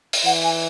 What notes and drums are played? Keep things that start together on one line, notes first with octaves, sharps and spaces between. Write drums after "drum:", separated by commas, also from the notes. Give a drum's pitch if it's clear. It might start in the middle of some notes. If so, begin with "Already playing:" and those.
drum: open hi-hat
E3 F#5
G#5